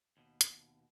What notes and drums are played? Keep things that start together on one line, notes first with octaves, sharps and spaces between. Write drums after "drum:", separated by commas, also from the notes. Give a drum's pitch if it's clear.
D#2 B2
drum: hi-hat